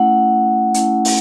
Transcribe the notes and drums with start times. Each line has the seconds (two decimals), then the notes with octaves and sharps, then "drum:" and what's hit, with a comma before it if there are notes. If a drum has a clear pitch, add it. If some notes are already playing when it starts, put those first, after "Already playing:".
Already playing: A3 C#4 E4 F#5
0.74 A3 C#4 E4, drum: hi-hat
1.05 drum: open hi-hat